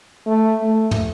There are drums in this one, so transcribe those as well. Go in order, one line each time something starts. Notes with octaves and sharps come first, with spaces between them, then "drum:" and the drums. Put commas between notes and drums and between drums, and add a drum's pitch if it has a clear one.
A3
A3
drum: tom